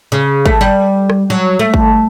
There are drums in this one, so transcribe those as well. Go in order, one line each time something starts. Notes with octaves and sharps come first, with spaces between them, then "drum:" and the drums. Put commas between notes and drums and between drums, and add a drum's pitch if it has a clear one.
C#3
A3, drum: kick
G3
drum: rim click
F#3
A3
drum: kick